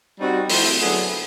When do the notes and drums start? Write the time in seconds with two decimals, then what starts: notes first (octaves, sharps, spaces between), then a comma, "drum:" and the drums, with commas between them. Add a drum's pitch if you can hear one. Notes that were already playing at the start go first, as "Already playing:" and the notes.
0.19 G3 C4 D#4 F#4
0.49 F3 A3 C4 E4, drum: open hi-hat
0.80 D3 F#3 B3 E4 G#4